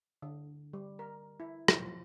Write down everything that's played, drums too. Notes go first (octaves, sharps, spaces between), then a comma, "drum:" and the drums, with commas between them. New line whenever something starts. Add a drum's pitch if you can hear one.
D3
G3
A#4
E4
F3, drum: rim click